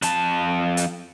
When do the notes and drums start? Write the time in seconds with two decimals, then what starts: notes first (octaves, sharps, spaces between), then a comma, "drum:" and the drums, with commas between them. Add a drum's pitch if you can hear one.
0.02 F2 A5, drum: hi-hat
0.77 drum: hi-hat